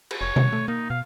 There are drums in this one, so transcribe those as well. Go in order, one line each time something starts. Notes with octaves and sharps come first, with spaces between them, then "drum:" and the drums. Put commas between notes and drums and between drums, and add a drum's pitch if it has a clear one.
drum: cymbal
F1 C#5
C3, drum: tom B2
A3
A#3 D#4
B2 F5